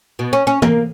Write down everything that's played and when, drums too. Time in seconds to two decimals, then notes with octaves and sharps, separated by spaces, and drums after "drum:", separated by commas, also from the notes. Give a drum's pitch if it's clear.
0.19 B2
0.33 C#4
0.47 C#4
0.62 A#3, drum: tom